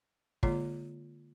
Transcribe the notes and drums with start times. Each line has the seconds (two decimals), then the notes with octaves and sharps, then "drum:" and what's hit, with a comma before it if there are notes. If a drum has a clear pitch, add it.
0.43 D3 G#3 A#3 F4 C#5, drum: kick